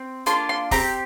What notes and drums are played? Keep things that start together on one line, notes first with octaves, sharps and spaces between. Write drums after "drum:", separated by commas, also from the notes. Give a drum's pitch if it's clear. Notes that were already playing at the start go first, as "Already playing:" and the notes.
Already playing: C4
A#3 D4 F4 C6, drum: hi-hat
C6
C4 G4 A#5, drum: kick, open hi-hat